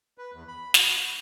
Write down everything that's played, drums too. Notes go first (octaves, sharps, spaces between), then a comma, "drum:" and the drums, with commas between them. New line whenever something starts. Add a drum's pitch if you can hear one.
B4
E2
B5
F#4, drum: snare
F#4
G6